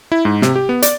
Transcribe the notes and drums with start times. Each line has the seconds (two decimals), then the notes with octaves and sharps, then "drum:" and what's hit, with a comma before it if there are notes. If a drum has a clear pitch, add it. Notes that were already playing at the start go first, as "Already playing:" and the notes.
0.12 E4
0.25 G#2
0.42 C3, drum: snare
0.56 G4
0.69 B3
0.82 D5, drum: hi-hat